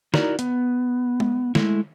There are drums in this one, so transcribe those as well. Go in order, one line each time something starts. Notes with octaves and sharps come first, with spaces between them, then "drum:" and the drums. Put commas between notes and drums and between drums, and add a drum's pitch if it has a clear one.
D#4 E4 F#4 A#4 D5, drum: snare
B3, drum: hi-hat
drum: tom G#3
G#3 A3 E4, drum: snare